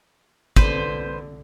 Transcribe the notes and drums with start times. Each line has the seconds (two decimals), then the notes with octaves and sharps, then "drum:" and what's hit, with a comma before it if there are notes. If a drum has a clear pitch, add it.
0.56 D3 B4 C5, drum: kick